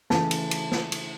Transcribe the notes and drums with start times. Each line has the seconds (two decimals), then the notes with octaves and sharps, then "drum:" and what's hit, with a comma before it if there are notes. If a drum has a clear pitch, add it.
0.10 C#3 E3 A3 A5, drum: snare
0.31 drum: cymbal
0.51 drum: cymbal
0.72 drum: snare
0.92 drum: cymbal